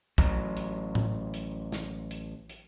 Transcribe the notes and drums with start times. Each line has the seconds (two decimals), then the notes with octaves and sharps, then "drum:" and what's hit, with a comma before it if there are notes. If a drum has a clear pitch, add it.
0.18 A1 F#3, drum: kick, hi-hat
0.57 drum: hi-hat
0.95 drum: tom A2
1.34 drum: hi-hat
1.72 drum: snare
2.11 drum: hi-hat
2.50 drum: hi-hat